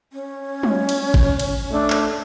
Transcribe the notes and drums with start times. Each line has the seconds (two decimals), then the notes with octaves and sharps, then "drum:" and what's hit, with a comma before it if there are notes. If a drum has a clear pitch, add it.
0.13 C#4
0.63 drum: tom
0.89 drum: cymbal
1.14 drum: kick
1.39 drum: cymbal
1.71 A3 D4
1.90 drum: clap